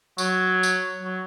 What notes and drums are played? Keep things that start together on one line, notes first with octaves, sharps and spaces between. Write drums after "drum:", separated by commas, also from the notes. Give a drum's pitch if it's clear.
F#3, drum: tambourine
drum: tambourine
F#3